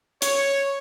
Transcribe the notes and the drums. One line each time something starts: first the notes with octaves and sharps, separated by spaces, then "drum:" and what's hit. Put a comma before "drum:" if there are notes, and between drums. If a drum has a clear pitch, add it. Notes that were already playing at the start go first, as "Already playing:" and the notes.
C#5, drum: hi-hat